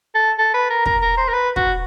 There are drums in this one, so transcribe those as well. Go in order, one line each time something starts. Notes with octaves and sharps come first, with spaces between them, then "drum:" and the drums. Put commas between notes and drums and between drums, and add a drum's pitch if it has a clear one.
A4
A4
B4
A#4
A#4, drum: kick
A#4
C5
A#4
B4
F#4, drum: kick